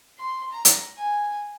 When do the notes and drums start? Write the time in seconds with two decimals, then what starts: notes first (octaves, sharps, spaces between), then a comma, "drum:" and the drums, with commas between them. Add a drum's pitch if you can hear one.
0.18 C6
0.52 A#5
0.65 drum: hi-hat
0.97 G#5